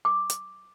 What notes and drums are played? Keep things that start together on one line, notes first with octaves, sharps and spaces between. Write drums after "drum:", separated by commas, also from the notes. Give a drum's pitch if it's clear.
D6
drum: hi-hat